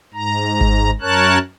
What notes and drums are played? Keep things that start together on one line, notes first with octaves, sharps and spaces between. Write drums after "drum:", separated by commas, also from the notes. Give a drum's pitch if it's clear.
G#2 A#5
drum: kick G#1
F#2 A#4 C#5 A5 F#6